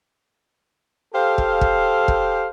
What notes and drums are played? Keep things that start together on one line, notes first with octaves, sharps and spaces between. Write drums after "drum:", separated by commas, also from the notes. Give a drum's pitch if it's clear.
G4 A4 C5 F5
drum: kick
drum: kick
drum: kick